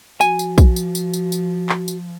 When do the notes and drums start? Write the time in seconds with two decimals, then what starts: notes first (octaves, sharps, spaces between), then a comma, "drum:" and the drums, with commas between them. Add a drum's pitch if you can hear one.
0.21 F3 F#4 G#5, drum: tambourine
0.39 drum: tambourine
0.58 drum: kick A#1, tambourine
0.76 drum: tambourine
0.95 drum: tambourine
1.13 drum: tambourine
1.32 drum: tambourine
1.69 drum: clap
1.88 drum: tambourine